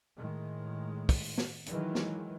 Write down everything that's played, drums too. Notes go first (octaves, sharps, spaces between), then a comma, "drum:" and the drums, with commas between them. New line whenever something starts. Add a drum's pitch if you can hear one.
A2 D#3 G#3
drum: kick, open hi-hat
drum: snare
D#3 E3 F#3 G#3, drum: hi-hat
drum: snare